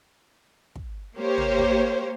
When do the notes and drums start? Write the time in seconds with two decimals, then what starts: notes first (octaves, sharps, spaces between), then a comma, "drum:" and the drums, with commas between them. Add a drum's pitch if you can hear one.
0.75 drum: kick
1.17 A#3 G4 C5 C#5
1.38 drum: tom
1.59 drum: kick